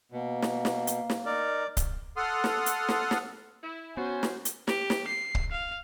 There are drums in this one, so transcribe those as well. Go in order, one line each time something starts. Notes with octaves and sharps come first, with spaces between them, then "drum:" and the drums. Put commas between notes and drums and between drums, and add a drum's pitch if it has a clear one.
B2 A#3
drum: snare
drum: snare
drum: hi-hat
drum: snare
D#4 A#4 D5
drum: kick C#1, hi-hat
A4 F#5 C6 D#6 F6
drum: snare
drum: hi-hat
drum: snare
drum: snare
E4
B3 C#4 F#4 C5 G#5
drum: snare
drum: hi-hat
G4, drum: snare
drum: snare
C7
drum: kick C#1
F5